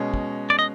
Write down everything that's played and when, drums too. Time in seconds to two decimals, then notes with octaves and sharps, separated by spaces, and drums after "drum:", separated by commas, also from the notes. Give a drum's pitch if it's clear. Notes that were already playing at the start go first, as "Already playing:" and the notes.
Already playing: B2 G#3 C#4
0.14 drum: kick
0.50 D5
0.59 D#5